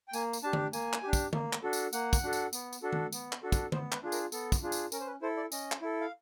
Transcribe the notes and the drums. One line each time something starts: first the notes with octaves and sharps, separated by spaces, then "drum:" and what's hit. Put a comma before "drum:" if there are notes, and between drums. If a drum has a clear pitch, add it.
G5
A#3 G#5, drum: tambourine
drum: tambourine
D4 G4 A5
drum: tom D3
A#3 G#5, drum: tambourine
drum: clap
D4 G4
drum: kick, tambourine
A#3, drum: tom D3
drum: clap
D4 F#4 A4
drum: tambourine
A#3 F#5, drum: tambourine
drum: kick, tambourine
D4 F#4 A4
drum: tambourine
B3, drum: tambourine
drum: tambourine
D4 F#4 A4
drum: tom D#3
B3, drum: tambourine
drum: clap
D4 F#4 A4
drum: kick, tambourine
B3 C5, drum: tom D3
B4, drum: clap
D4 F4 G#4
A#4, drum: tambourine
B3 A4, drum: tambourine
drum: kick, tambourine
D4 F4 G#4
drum: tambourine
C#4 A#4, drum: tambourine
C5
B4
E4 A4 C5
D5
C#4 D#5, drum: tambourine
drum: clap
E4 A4
F5